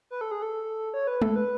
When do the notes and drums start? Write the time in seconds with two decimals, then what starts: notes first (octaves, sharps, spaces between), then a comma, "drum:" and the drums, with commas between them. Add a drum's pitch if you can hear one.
0.11 B4
0.21 A4
0.31 G#4
0.42 A4
0.94 C#5
1.07 B4
1.22 A4, drum: tom G#3
1.36 B4